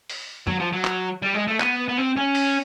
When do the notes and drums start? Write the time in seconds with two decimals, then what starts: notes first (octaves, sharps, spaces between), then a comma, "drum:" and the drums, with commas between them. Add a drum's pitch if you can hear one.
0.09 drum: open hi-hat
0.47 F#3, drum: tom
0.60 F3
0.73 F#3
0.85 drum: clap
1.22 G3
1.34 G#3
1.48 A3
1.60 B3, drum: clap
1.89 B3
1.98 C4
2.16 C#4
2.35 drum: open hi-hat